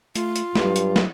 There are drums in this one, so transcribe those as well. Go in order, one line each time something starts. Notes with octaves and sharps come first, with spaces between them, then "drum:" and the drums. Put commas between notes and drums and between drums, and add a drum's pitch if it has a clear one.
A3 F4, drum: hi-hat
drum: hi-hat
G2 F#3, drum: snare
drum: hi-hat
drum: snare